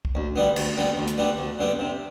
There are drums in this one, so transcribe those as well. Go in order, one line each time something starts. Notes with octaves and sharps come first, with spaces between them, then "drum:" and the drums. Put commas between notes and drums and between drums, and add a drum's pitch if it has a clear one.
drum: kick C2
D2
D3 G3 B3
D2, drum: cymbal
D3 G3 B3
D2
drum: hi-hat
D3 G3 B3
D2
D3 G3 B3
C3